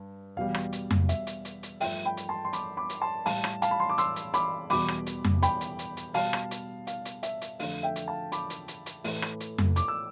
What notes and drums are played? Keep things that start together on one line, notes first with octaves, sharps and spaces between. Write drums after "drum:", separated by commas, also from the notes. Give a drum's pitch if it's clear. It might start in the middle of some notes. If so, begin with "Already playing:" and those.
Already playing: G2
E2 B2 G3 F5
drum: rim click
drum: hi-hat
drum: tom F2
E5, drum: hi-hat
drum: hi-hat
drum: hi-hat
drum: hi-hat
G2 F3 A3 E5 G5, drum: open hi-hat
G5 B5
drum: hi-hat
A5 C6
C6
B5 D6, drum: hi-hat
B5 D6
drum: hi-hat
A5 C6
A2 G3 F5 A5, drum: open hi-hat
drum: rim click
F5 A5, drum: hi-hat
B5
C6
D6
C6 E6, drum: hi-hat
drum: hi-hat
B5 D6, drum: hi-hat
E2 B2 G3 B5 D6, drum: open hi-hat
drum: rim click
drum: hi-hat
drum: tom F2
G5 B5, drum: hi-hat
drum: hi-hat
drum: hi-hat
drum: hi-hat
B2 G3 F5 A5, drum: open hi-hat
drum: rim click
drum: hi-hat
F5, drum: hi-hat
drum: hi-hat
E5, drum: hi-hat
drum: hi-hat
F2 D3 A3 F5, drum: open hi-hat
E5 G5
drum: hi-hat
F5 A5
B5 D6, drum: hi-hat
drum: hi-hat
drum: hi-hat
drum: hi-hat
A2 E3 A3, drum: open hi-hat
drum: rim click
drum: hi-hat
drum: tom F2
D6, drum: hi-hat
E6